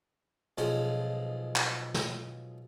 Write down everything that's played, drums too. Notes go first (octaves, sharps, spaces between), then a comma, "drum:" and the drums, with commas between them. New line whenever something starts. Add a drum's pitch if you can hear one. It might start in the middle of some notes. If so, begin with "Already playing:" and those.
B1 F3 G#3, drum: hi-hat
drum: clap
drum: snare